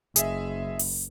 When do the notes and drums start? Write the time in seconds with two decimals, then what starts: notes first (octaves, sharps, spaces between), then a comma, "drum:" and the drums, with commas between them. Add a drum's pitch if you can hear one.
0.16 F#1 G#4 D#5 E5, drum: hi-hat
0.79 drum: open hi-hat